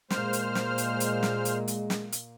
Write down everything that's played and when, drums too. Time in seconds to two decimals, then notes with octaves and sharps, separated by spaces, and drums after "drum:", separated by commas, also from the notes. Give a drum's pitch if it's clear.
0.10 A#2 G#3 A#3 C5 F6, drum: snare
0.33 drum: hi-hat
0.55 drum: snare
0.78 drum: hi-hat
1.00 drum: hi-hat
1.23 drum: snare
1.45 drum: hi-hat
1.68 drum: hi-hat
1.90 drum: snare
2.12 drum: hi-hat